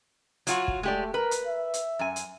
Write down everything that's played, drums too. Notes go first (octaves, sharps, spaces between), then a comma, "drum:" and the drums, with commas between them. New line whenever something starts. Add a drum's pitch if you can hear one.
F#3 F4 F#4, drum: hi-hat
drum: kick
G#3 A3 G4 D5
A#4 B4
drum: hi-hat
E5
drum: hi-hat
F#2 G#5
drum: hi-hat